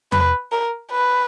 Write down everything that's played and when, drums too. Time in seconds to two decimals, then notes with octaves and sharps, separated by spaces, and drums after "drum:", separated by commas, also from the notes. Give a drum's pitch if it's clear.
0.12 B4, drum: tom E2
0.52 A#4
0.92 B4